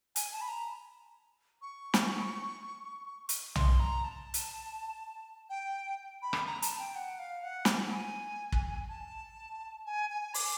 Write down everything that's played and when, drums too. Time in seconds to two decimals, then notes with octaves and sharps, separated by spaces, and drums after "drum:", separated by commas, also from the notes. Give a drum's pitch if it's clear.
0.16 G#5, drum: hi-hat
0.32 A5
0.41 B5
0.48 A#5
1.62 C#6
1.94 drum: snare
3.29 drum: hi-hat
3.55 C6, drum: tom B1
3.80 A#5
4.04 A5
4.34 drum: hi-hat
5.50 G5
6.22 B5
6.33 drum: rim click
6.46 A#5
6.62 A5, drum: hi-hat
6.79 G5
6.95 F#5
7.19 F5
7.43 F#5
7.65 drum: snare
7.92 G#5
8.52 drum: kick
8.89 A5
9.86 G#5
10.10 G#5
10.34 D6, drum: open hi-hat